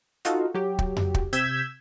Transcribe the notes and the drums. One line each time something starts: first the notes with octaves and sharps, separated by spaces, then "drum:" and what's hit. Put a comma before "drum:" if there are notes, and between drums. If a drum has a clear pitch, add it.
D#4 F4 F#4 A4, drum: hi-hat
F#3 G4
drum: kick
drum: tom F2
drum: kick
C3 E6 G6 G#6 B6 E7, drum: hi-hat